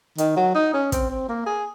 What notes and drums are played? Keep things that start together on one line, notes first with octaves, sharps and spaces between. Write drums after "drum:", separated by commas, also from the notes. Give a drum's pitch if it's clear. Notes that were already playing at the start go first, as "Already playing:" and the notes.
D#3, drum: hi-hat
F#3
D#4
C#4
C4, drum: kick, hi-hat
C4
A#3
G#4